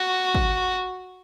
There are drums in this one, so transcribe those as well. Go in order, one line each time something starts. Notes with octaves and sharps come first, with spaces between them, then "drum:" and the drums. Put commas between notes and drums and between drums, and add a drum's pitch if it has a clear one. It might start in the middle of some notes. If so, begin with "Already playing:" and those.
Already playing: F#4
drum: kick